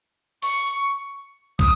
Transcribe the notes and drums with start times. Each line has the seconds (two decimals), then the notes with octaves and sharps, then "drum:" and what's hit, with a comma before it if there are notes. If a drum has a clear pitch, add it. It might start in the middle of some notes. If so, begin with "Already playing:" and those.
0.42 C#6, drum: open hi-hat
1.59 D#6, drum: kick